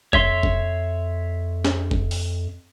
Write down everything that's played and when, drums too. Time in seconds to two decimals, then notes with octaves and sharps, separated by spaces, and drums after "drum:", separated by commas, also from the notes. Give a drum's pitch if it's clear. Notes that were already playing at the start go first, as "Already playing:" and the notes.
0.13 F2 C#5 E5 C6, drum: kick
0.43 drum: kick
1.65 drum: snare
1.91 drum: kick
2.11 drum: open hi-hat